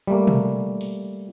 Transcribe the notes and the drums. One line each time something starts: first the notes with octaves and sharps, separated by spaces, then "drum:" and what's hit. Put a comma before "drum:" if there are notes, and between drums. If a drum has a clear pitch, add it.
G3 A3 A#3
drum: tom B2
drum: open hi-hat